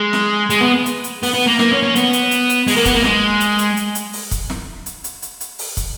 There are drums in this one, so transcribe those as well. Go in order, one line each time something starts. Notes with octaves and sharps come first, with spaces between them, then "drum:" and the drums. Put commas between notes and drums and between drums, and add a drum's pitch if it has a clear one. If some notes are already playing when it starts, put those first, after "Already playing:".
Already playing: G#3
drum: snare
G#3, drum: hi-hat
B3
drum: hi-hat
drum: hi-hat
B3, drum: open hi-hat
B3
A#3
A#3, drum: snare
C#4
C#4
B3, drum: hi-hat
drum: hi-hat
drum: hi-hat
drum: hi-hat
G#3, drum: open hi-hat
A#3
B3, drum: kick, hi-hat
A#3
G#3, drum: snare
drum: hi-hat
drum: hi-hat
drum: hi-hat
drum: hi-hat
drum: open hi-hat
drum: kick, hi-hat
drum: snare
drum: hi-hat
drum: hi-hat
drum: hi-hat
drum: hi-hat
drum: open hi-hat
drum: kick, hi-hat